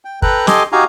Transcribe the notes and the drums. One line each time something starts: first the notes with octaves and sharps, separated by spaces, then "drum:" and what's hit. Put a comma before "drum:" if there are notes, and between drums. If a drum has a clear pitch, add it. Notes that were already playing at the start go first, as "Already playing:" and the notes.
G5
A4 B4 G5 A#5 F#6, drum: kick
G4 A4 D#5 G#5 C6 D6, drum: snare
D#4 F#4 G4 F5 G#5 A#5